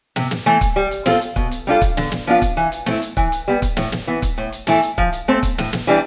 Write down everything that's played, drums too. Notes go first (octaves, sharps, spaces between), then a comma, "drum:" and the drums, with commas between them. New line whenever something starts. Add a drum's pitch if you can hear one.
C3, drum: snare
drum: snare
E3 A3 E4
drum: kick, hi-hat
G3
drum: hi-hat
C4 F4 A4, drum: snare
drum: hi-hat
B2, drum: kick
drum: hi-hat
G3 D4 F4 A4
drum: kick, hi-hat
D3, drum: snare
drum: snare
F3 B3 D4 F4
drum: kick, hi-hat
E3
drum: hi-hat
A3 C4 E4, drum: snare
drum: hi-hat
E3, drum: kick
drum: hi-hat
G3 B3
drum: kick, hi-hat
A2, drum: snare
drum: snare
E3 B3
drum: kick, hi-hat
A2
drum: hi-hat
E3 A3 E4 A4, drum: snare
drum: hi-hat
F3, drum: kick
drum: hi-hat
A3 C4
drum: kick, hi-hat
A2, drum: snare
drum: snare
E3 G3 D4